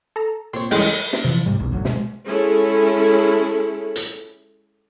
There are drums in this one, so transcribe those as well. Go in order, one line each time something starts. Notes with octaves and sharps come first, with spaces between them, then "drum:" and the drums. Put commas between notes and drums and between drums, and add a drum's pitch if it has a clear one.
A4 A#5
A#2 C4 C#5 C6
C#2 E3 G3 G#3 G5 C6 D#6, drum: open hi-hat
drum: snare
C3 E3 F3
G#2 C3 G3
F#1 B1
G1 D2 F#3
B2 G#3, drum: snare
G#3 C#4 E4 G#4 A4
drum: hi-hat